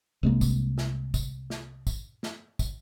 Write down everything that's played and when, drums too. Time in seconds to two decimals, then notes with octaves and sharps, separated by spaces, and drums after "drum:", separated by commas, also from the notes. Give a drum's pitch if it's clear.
0.23 C2 G#3 A#3
0.41 drum: kick, tambourine
0.78 drum: snare
1.14 drum: kick, tambourine
1.50 drum: snare
1.87 drum: kick, tambourine
2.23 drum: snare
2.59 drum: kick, tambourine